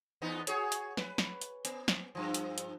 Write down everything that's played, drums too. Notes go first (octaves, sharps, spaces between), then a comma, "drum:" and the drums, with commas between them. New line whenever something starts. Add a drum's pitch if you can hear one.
E2 B3 D#4
F#4 G#4 C#5, drum: hi-hat
drum: hi-hat
B4, drum: snare
drum: snare
drum: hi-hat
B3, drum: hi-hat
drum: snare
G2 F3
drum: hi-hat
drum: hi-hat